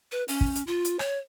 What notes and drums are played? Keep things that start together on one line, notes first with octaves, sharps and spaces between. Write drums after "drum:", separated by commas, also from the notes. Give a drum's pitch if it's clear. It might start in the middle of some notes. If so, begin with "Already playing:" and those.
B4
C#4, drum: open hi-hat
drum: kick
drum: hi-hat
F4
drum: hi-hat
C#5, drum: rim click